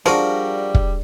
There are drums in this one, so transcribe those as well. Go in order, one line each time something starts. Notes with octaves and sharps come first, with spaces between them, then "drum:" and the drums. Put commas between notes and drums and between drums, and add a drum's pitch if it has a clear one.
F3 G3 D4 F#4 G#4 A#4
drum: kick